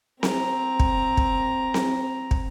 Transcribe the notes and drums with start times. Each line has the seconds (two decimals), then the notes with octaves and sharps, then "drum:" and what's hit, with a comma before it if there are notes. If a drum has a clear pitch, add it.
0.23 C4 A#5, drum: snare C4
0.80 drum: kick
1.17 drum: kick
1.74 drum: snare C4
2.31 drum: kick